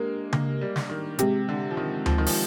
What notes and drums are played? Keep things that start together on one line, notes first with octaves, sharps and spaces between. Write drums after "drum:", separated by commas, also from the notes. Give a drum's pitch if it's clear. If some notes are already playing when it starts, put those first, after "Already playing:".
Already playing: G#3 A#3 D4 G4 A#4
A#3, drum: tom C#3
G3
drum: snare
D#3
C3 G#3 C4 G4, drum: hi-hat
D3
F3
D#3
F3, drum: tom D2
D#3
F3, drum: open hi-hat